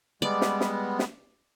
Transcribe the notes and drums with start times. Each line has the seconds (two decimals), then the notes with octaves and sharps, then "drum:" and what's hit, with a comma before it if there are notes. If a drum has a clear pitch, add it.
0.22 G3 G#3 B3 D5
0.41 drum: snare
0.61 drum: snare
0.99 drum: snare